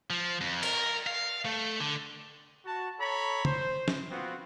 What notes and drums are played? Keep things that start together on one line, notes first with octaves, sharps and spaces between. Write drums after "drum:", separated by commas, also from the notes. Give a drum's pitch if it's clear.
F3
F2
A#4, drum: cymbal
F5
A3
D3
F#4 A5
A4 C#5 A#5 B5
C5, drum: tom
drum: snare
B3 C4 F4 F#4